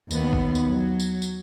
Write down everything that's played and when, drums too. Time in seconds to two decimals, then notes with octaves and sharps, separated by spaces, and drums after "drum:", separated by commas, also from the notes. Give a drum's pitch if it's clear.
0.11 D#2 B3, drum: tambourine
0.33 drum: kick
0.55 drum: tambourine
0.69 F#3
1.00 drum: tambourine
1.22 drum: tambourine